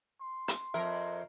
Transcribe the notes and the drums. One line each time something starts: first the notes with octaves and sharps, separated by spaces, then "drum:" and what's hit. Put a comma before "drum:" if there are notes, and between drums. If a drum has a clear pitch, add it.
C6
drum: hi-hat
F2 A#4 E5